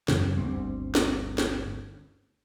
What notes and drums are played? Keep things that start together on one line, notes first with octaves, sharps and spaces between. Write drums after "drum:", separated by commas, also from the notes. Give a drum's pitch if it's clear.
F#2 C#3, drum: snare
G1 D2 G3 C4
drum: snare
drum: snare